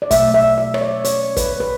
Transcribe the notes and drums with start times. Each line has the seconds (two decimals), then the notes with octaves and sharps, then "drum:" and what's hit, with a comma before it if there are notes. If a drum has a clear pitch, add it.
0.02 D5
0.11 B2 F#3 A3 E5, drum: kick, hi-hat
0.34 E5
0.58 E5
0.74 C#5, drum: rim click
0.81 D5
1.05 C#5, drum: hi-hat
1.37 B4, drum: kick, hi-hat
1.60 B4